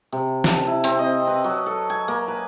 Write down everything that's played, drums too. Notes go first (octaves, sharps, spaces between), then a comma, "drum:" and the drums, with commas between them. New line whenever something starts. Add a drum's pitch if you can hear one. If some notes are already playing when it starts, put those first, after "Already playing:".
C3
A5, drum: snare
E4
C4, drum: hi-hat
D#5
B4
F#3
A4
G#5
A#3
B4